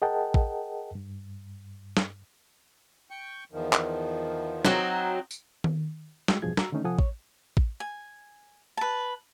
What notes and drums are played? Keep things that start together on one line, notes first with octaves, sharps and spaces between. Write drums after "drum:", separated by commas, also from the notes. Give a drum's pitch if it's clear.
G#4 A#4 D#5 F#5 G5 A5
drum: kick A1
G2
drum: snare
G5 C#6
E2 D#3 F3
drum: clap
F#3 C4 D#4, drum: snare
drum: tambourine
drum: tom D#3
G#3 F#4 G5 E6, drum: snare
E2 G2 B2 F3 G#4 G#6
F#4 A#5 E6, drum: snare
D3 D#3 A3 C#4 D#4
C3 F3 A4 F#5 G#5 D#6
C#5, drum: kick A1
drum: kick A1
G#5
B4 A5